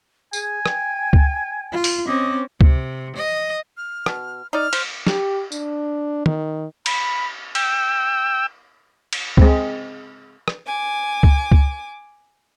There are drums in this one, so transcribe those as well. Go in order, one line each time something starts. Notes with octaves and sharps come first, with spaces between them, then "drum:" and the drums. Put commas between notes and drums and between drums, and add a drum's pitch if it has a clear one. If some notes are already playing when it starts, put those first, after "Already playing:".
G#4 G#5, drum: tambourine
G5, drum: rim click
drum: kick C#2
F4
drum: open hi-hat
C4 C#4 D#5 D6
C3, drum: kick C#2
D#5
F6
B2, drum: rim click
D#4 D5 F6
C5, drum: cymbal
G4, drum: snare
D4, drum: tambourine
D#3, drum: tom
B5, drum: cymbal
G5 E6, drum: cymbal
drum: cymbal
G#3 C4, drum: kick C#2
drum: rim click
G#5 D6
drum: kick C#2
drum: kick C#2